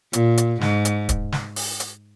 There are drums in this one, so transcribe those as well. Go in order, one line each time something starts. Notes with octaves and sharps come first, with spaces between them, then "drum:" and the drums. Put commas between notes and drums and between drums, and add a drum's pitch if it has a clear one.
A#2, drum: hi-hat
drum: hi-hat
G#2, drum: snare
drum: hi-hat
drum: kick, hi-hat
drum: snare
drum: open hi-hat
drum: hi-hat